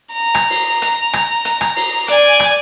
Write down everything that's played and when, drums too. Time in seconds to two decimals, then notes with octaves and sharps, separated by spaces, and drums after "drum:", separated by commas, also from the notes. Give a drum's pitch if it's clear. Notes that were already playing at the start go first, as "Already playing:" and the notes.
0.13 A#5
0.35 drum: rim click
0.50 drum: open hi-hat
0.82 drum: hi-hat
1.13 drum: rim click
1.45 drum: hi-hat
1.61 drum: rim click
1.76 drum: open hi-hat
2.08 D5 G#5, drum: hi-hat
2.40 drum: rim click